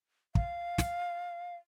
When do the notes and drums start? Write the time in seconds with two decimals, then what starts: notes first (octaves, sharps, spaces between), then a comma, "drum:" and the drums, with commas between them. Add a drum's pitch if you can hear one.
0.35 F5, drum: kick
0.78 drum: snare